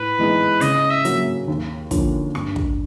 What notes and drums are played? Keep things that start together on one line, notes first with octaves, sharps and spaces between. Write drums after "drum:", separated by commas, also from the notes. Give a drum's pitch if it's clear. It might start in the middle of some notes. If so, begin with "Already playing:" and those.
Already playing: A2 B4
E3 G#3 B3 D#4
C#3 D#5, drum: hi-hat
E5
F#3 A#3, drum: hi-hat
D#2
D3 F3 A#3 C#4, drum: kick, hi-hat
G2, drum: rim click
drum: kick